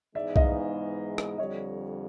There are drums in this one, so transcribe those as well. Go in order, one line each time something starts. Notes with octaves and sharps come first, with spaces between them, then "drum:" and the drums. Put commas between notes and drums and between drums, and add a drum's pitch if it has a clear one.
G#2 E3 G#3 B3 D#4 D5 E5
D#5 F5, drum: kick B1
drum: rim click
F2 D3 G3 C#5 D#5